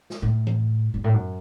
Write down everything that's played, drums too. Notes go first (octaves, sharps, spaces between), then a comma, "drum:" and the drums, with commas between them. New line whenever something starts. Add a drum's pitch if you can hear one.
drum: snare
A2
drum: tom E3
F#2
A2
F#2